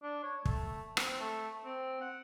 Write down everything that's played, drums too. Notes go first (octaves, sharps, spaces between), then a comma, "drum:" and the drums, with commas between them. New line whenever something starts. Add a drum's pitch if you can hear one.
D4
C#5
A3, drum: kick
C4, drum: rim click
A3
C4
F#5